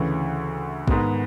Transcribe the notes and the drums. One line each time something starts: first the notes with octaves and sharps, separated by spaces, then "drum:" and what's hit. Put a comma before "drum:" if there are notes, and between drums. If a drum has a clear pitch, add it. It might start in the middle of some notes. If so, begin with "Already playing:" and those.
Already playing: D2 C#3 E3
G#2 D#3 G#3 B3, drum: kick A#1